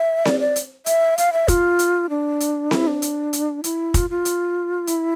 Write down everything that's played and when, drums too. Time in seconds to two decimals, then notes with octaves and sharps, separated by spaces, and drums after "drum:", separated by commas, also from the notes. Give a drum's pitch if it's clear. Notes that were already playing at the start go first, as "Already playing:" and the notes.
Already playing: E5
0.25 D5, drum: snare C4
0.40 D5
0.56 drum: hi-hat
0.86 E5, drum: hi-hat
1.18 F5, drum: hi-hat
1.33 E5
1.48 F4, drum: kick, hi-hat
1.79 drum: hi-hat
2.10 D4
2.40 drum: hi-hat
2.71 E4, drum: snare C4
2.87 D4
3.02 drum: hi-hat
3.33 drum: hi-hat
3.64 E4, drum: hi-hat
3.94 F4, drum: kick, hi-hat
4.10 F4
4.25 drum: hi-hat
4.87 E4, drum: hi-hat